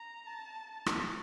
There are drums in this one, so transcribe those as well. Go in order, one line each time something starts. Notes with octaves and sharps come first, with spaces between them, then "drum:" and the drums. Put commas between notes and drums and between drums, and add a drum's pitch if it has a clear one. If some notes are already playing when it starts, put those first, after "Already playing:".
Already playing: A#5
A5
A5
drum: rim click